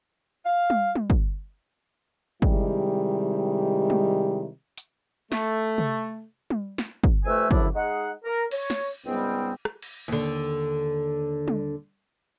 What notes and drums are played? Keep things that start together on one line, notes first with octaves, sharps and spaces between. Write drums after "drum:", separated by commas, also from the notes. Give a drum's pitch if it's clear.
F5
drum: tom G3
drum: tom G3
drum: kick
C3 D#3 G3 G#3 E4 G4, drum: kick
drum: tom G3
drum: hi-hat
A3, drum: snare
drum: tom C3
drum: tom G3
drum: snare
drum: kick
F2 C3 A3 B4 G#5 E6
F#2 A2 C#3 F3 D4 E4, drum: kick
G#3 D#4 G#4 F#5
A#4
C#5, drum: cymbal
drum: snare
C#2 G#2 G3 B3 C4 G5
drum: rim click
drum: cymbal
D#2 D3
drum: tom G3